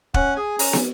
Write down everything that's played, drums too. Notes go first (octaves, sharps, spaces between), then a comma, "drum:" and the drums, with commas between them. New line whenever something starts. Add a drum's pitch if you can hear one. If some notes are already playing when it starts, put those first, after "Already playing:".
C#4 F#5, drum: kick
G#4 G#5
C#4 A#5, drum: open hi-hat
drum: snare